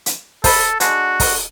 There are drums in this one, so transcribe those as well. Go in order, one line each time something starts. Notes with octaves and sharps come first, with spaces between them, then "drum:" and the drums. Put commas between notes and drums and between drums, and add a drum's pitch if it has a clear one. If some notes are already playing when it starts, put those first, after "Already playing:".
drum: hi-hat
A4 C5 A5 B5, drum: kick, open hi-hat
D3 G#3 F#4, drum: hi-hat
drum: kick, open hi-hat